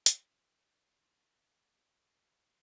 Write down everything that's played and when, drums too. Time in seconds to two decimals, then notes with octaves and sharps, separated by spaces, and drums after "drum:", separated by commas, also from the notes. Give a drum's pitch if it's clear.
0.06 drum: hi-hat
0.17 E5 B6 F#7
0.96 F5 C6
2.06 C#6 C7